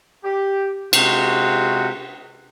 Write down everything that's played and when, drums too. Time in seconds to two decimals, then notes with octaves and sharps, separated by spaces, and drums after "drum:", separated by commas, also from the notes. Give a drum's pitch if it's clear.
0.23 G4
0.93 C3 G#3 F4 F#4, drum: cymbal